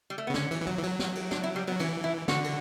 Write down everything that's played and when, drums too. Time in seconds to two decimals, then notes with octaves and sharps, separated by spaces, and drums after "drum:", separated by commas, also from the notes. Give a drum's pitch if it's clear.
0.10 G3
0.18 A3
0.27 B3
0.30 C#3
0.34 D3 C#4, drum: snare
0.51 E3, drum: cymbal
0.62 E3
0.67 F#3, drum: tom
0.78 E3
0.83 F#3, drum: cymbal
0.99 drum: snare
1.15 drum: cymbal
1.31 D4, drum: snare
1.43 E4
1.56 G3
1.67 F#3 B3
1.80 E3 C#4, drum: cymbal
2.04 E4
2.28 D3 F#4, drum: snare
2.44 drum: cymbal